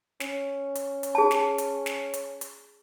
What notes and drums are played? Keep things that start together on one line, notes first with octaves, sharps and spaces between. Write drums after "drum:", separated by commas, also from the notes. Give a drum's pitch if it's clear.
C#4, drum: snare
drum: hi-hat
drum: hi-hat
G#4 A5
drum: snare
drum: hi-hat
drum: snare
drum: hi-hat
drum: hi-hat